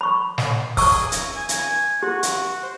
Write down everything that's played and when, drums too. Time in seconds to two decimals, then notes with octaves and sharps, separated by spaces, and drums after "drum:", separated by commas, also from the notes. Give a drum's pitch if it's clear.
0.01 B5 C#6
0.38 drum: snare
0.77 G#4 C#6 E6, drum: kick, open hi-hat
1.12 drum: hi-hat
1.36 G#5
1.49 drum: hi-hat
2.03 F#4 G4
2.23 drum: hi-hat
2.63 C5